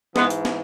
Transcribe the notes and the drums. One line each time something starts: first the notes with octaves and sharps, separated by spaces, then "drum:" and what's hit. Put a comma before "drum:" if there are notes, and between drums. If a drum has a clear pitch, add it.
G#2 E3 G#3 B3, drum: snare
drum: hi-hat
drum: snare